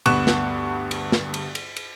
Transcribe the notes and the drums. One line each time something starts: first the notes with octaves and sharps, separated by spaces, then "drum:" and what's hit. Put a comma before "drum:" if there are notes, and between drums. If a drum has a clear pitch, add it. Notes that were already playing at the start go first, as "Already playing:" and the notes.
D2 G2 B3 C#6 F#6 E7, drum: cymbal
drum: snare
drum: cymbal
drum: snare
drum: cymbal
drum: cymbal
drum: cymbal